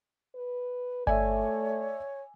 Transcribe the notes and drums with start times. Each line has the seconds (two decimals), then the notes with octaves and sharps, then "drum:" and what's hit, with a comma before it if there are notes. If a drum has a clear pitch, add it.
0.35 B4
1.07 A3 C#5 D5 E5 G#5, drum: kick G1